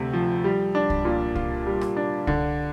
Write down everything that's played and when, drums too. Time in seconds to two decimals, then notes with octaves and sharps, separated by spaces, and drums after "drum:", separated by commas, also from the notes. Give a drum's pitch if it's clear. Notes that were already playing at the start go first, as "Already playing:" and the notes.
Already playing: D2 C3 A3
0.13 F3
0.44 G3
0.75 D4
0.90 drum: kick C2
1.05 A#2
1.35 F4, drum: kick C2
1.67 G3
1.81 drum: rim click
1.97 D4
2.27 D3, drum: kick C2